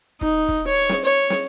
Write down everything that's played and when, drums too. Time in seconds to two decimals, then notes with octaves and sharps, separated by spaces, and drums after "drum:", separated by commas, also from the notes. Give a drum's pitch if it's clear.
0.21 D#4, drum: kick
0.48 drum: kick
0.67 C#5
0.89 drum: snare
1.05 C#5
1.30 drum: snare